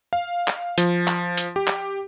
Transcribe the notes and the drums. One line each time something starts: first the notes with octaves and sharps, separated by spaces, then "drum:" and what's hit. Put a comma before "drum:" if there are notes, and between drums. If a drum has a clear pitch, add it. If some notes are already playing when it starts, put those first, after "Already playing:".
F5
drum: clap
F3, drum: hi-hat
drum: clap
drum: hi-hat
G4
drum: clap